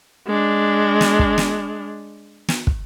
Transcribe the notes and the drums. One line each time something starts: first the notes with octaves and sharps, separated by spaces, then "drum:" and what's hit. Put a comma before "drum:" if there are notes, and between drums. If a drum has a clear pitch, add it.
G#3 D4
drum: snare
drum: kick
drum: snare
drum: snare
drum: kick